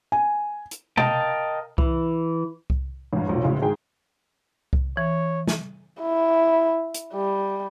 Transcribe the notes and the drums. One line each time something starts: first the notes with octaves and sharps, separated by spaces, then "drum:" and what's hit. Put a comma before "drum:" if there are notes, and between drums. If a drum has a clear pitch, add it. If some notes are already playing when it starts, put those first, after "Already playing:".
G#5
drum: hi-hat
A#4 D#5 F5 G5 A5, drum: tom B2
E3, drum: kick C2
drum: kick C2
A1 G2
F1 B1 A#2 F3
D2 A2 C#3 G#3
G#2 D#3 G#4 G5
drum: kick C2
E3 C#5
drum: snare
E4
drum: hi-hat
G3